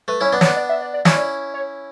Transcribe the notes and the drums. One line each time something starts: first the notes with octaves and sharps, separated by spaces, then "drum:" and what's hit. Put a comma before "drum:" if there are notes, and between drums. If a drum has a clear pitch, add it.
A3 B4
C#4 E4 C#5
B3 D4
C#5, drum: snare
B3 D4
D5
E5
D5
D5
C#4 E4 D5, drum: snare
C#5